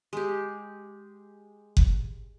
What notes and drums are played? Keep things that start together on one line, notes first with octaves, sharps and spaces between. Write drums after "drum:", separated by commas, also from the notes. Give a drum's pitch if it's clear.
G#3 G4
drum: kick F#1